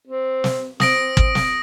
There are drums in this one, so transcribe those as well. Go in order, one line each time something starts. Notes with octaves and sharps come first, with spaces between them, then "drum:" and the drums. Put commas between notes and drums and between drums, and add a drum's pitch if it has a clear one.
C4
drum: snare
C4 D#6 A#6 D7, drum: snare
drum: kick
drum: snare